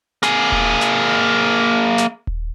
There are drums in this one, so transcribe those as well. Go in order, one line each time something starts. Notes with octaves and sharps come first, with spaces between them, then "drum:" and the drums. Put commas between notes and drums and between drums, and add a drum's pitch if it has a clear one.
A#3 G#4, drum: snare
drum: kick D#1
drum: snare
drum: snare
drum: kick D#1